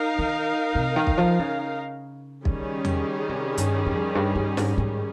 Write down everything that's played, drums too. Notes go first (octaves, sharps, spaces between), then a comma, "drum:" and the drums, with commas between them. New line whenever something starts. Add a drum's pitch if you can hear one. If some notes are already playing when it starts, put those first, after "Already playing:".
Already playing: D#4 A#4 F5
D#3
C3
D#3
drum: kick
F3
C#3
D#3 G3 C#4 G#4, drum: kick
drum: tom E2
C3
G2, drum: hi-hat
F2
G2
G2
G#2, drum: snare
G#2